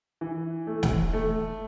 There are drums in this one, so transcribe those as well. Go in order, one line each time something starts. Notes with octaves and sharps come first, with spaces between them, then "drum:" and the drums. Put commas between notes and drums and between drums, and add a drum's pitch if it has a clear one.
E3
A3
drum: snare
A3